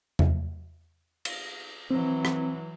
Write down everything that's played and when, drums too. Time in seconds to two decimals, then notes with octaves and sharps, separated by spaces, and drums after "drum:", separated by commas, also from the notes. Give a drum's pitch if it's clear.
0.19 drum: tom E2
1.25 drum: cymbal
1.91 E3 F#3 C4
2.25 drum: rim click